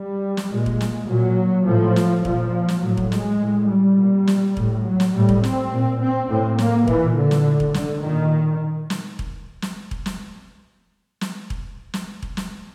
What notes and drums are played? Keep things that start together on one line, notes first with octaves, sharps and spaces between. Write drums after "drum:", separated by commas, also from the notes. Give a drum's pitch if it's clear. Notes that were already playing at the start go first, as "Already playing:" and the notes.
Already playing: G3
drum: snare
A#2 G#3
drum: kick E1
drum: snare
A#2 F#3
A2 F3
drum: snare
A#2 F3, drum: kick E1
drum: snare
A2 F#3
drum: kick E1
G#3, drum: snare
A2
G3
A#2
drum: snare
A2, drum: kick E1
F#3
drum: snare
A2 G3
drum: kick E1
C4, drum: snare
A#2
C4
A2 C4
A#3, drum: snare
A#2 E3, drum: kick E1
D3
drum: snare
A2
drum: kick E1
D3, drum: snare
A#2 D#3
drum: snare
drum: kick E1
drum: snare
drum: kick E1
drum: snare
drum: snare
drum: kick E1
drum: snare
drum: kick E1
drum: snare